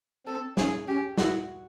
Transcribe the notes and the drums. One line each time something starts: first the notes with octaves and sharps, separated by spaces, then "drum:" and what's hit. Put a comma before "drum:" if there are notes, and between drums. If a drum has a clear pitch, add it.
C4 A4
C#4 G#4, drum: snare
C#4 G4
E4 F#4, drum: snare